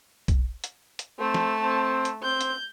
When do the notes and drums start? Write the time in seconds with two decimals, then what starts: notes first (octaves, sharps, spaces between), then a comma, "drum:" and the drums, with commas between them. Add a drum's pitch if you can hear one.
0.28 drum: kick, hi-hat
0.64 drum: hi-hat
0.99 drum: hi-hat
1.19 A3 C4 A5
1.34 drum: snare
1.63 C4
2.05 drum: hi-hat
2.23 C4 G6
2.41 drum: hi-hat